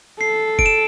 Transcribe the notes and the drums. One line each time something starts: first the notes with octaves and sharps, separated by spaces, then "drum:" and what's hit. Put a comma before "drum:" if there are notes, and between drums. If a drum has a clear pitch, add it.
A4 C7
D7, drum: kick
E7